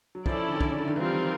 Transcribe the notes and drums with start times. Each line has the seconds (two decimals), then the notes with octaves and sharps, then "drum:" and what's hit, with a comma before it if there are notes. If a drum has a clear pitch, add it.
0.15 F#3
0.26 F3 C#4 E4 A4 D5, drum: kick
0.48 D3
0.56 D#3
0.61 D3, drum: kick
0.69 C#3
0.78 D3
0.87 D#3
0.96 E3 G3 C4 F4 A#4
1.04 F3
1.13 D#3